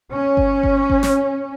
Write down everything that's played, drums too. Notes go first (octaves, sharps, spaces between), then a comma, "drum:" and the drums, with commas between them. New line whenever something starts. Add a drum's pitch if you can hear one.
C#4
drum: kick G1
drum: kick G1
drum: kick G1
drum: snare